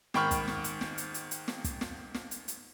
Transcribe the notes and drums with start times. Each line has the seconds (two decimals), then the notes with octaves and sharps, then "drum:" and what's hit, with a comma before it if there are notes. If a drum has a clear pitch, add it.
0.14 G#2 D#3 G5 B5 C#6 F6, drum: snare
0.31 drum: kick, hi-hat
0.48 drum: snare
0.64 drum: hi-hat
0.81 drum: snare
0.98 drum: hi-hat
1.14 drum: hi-hat
1.31 drum: hi-hat
1.48 drum: snare
1.64 drum: kick, hi-hat
1.81 drum: snare
2.14 drum: snare
2.31 drum: hi-hat
2.48 drum: hi-hat